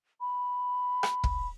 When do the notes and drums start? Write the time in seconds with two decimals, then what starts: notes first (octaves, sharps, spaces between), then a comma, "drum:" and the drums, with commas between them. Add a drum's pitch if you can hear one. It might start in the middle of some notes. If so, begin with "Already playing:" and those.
0.21 B5
1.03 drum: rim click
1.24 drum: kick